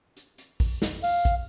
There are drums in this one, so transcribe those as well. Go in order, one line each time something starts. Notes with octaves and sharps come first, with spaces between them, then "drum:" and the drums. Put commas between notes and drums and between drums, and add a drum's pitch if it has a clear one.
drum: hi-hat
drum: hi-hat
drum: kick, open hi-hat
drum: snare
F5, drum: open hi-hat
drum: kick, hi-hat